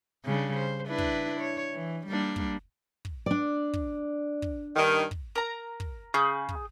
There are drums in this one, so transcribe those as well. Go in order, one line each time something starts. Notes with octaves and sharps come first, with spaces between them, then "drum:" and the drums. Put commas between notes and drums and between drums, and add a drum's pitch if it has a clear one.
C#3 G3 D4
C5
D4 E4 B4
drum: kick
C#5
E3
G3 A#3 D4
drum: kick
drum: kick
D4 D5
drum: kick
drum: kick
G2 D#3
drum: kick
A#4 A#5
drum: kick
C#3 G#4 G6
drum: kick